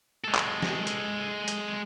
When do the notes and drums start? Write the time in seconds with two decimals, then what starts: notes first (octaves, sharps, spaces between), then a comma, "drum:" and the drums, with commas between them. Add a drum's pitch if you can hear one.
0.24 G#3 A4
0.35 drum: clap
0.62 drum: snare
0.87 drum: hi-hat
1.48 drum: hi-hat